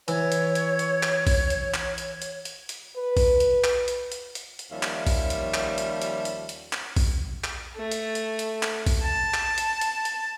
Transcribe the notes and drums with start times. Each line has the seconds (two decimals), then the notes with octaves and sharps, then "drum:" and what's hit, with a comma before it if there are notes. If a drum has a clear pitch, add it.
0.08 E3 C#5, drum: hi-hat
0.32 drum: hi-hat
0.55 drum: hi-hat
0.79 drum: hi-hat
1.03 drum: clap
1.27 drum: kick A#1, open hi-hat
1.50 drum: hi-hat
1.74 drum: clap
1.98 drum: hi-hat
2.22 drum: hi-hat
2.45 drum: hi-hat
2.69 drum: hi-hat
2.97 B4
3.17 drum: kick A#1, open hi-hat
3.40 drum: hi-hat
3.64 drum: clap
3.88 drum: hi-hat
4.12 drum: hi-hat
4.35 drum: hi-hat
4.59 drum: hi-hat
4.72 D#2 F3 G3 C#4 E5 F5
4.83 drum: clap
5.07 drum: kick A#1, open hi-hat
5.30 drum: hi-hat
5.54 drum: clap
5.78 drum: hi-hat
6.02 drum: hi-hat
6.25 drum: hi-hat
6.49 drum: hi-hat
6.73 drum: clap
6.97 drum: kick A#1, open hi-hat
7.44 drum: clap
7.76 A3
7.92 drum: hi-hat
8.15 drum: hi-hat
8.39 drum: hi-hat
8.63 drum: clap
8.86 drum: kick A#1, open hi-hat
9.02 A5
9.34 drum: clap
9.58 drum: hi-hat
9.81 drum: hi-hat
10.05 drum: hi-hat